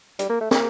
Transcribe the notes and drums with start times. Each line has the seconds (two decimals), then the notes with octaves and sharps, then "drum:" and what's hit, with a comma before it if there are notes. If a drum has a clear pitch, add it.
0.19 G3, drum: hi-hat
0.29 A#3
0.41 A3
0.51 A#3, drum: snare